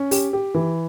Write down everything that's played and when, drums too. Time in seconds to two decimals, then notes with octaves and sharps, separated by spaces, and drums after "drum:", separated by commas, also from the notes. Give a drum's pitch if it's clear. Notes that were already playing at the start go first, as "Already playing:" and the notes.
Already playing: C#4
0.11 G4, drum: open hi-hat
0.33 G4
0.54 E3